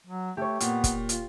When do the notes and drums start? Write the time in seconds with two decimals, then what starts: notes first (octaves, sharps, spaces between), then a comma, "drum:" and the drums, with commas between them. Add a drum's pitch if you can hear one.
0.07 F#3
0.37 A3 G4 C#5
0.60 A#2 B3, drum: hi-hat
0.84 drum: kick, hi-hat
1.09 F4, drum: hi-hat